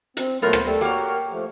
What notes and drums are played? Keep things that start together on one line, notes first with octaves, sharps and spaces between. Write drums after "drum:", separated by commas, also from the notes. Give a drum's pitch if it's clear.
C4, drum: hi-hat
A#2 F#3 A3 B3 A#4 C5
drum: rim click
G3 A3 A4
A#3 F#4 G4 A#4 C#5
F3 A3